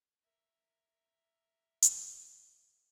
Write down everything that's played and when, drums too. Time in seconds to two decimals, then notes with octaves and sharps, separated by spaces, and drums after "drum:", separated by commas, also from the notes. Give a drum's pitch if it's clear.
0.23 A#4 E5
1.82 drum: hi-hat